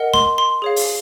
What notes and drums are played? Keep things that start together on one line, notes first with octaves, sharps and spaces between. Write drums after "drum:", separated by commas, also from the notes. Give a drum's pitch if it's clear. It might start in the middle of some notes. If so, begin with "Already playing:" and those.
Already playing: A#4 D#5 F#5
C6, drum: snare
C6
G#4 C#5 F5
drum: open hi-hat